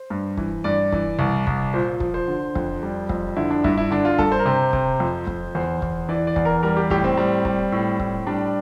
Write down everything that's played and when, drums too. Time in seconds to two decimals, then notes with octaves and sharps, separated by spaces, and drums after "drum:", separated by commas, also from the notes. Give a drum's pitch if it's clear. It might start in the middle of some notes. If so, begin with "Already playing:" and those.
Already playing: C5
0.10 G2
0.37 E3, drum: kick
0.64 G2 D5
0.92 E3, drum: kick
1.19 C2
1.47 C2, drum: kick
1.74 A#2 C5
2.00 F3, drum: kick
2.14 C5
2.28 D3
2.55 F2, drum: kick
2.83 G3
3.09 F2, drum: kick
3.36 D3 E4
3.50 D4
3.64 G2 E4, drum: kick
3.77 E4
3.91 D3 D4
4.05 F4
4.19 G2 A4, drum: kick
4.32 C5
4.39 A#4
4.46 C3 C5
4.73 C3, drum: kick
5.00 F2
5.27 F2, drum: kick
5.55 E2 C5
5.82 E2, drum: kick
6.09 E3 D5
6.27 D5
6.36 E2, drum: kick
6.45 A#4
6.63 G3 A#4
6.77 G4
6.90 A2 G4, drum: kick
7.04 C4
7.17 G3
7.45 G3, drum: kick
7.72 A2
8.00 A2, drum: kick
8.27 G3 D4